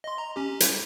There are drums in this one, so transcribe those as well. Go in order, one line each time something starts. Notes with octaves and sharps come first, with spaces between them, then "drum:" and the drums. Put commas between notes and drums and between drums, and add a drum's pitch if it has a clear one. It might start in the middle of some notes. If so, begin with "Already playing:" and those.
D#5 C6
A#5
C#4 G4
G3, drum: hi-hat